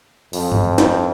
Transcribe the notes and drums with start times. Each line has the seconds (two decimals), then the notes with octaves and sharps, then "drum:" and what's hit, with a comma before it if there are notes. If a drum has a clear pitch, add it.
0.33 F2, drum: open hi-hat
0.52 drum: tom G2
0.78 drum: snare